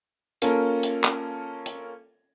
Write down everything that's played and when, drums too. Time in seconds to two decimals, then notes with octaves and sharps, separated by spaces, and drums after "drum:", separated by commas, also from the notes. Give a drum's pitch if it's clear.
0.42 A#3 C#4 F4 A4 A#4, drum: hi-hat
0.83 drum: hi-hat
1.04 drum: clap
1.66 drum: hi-hat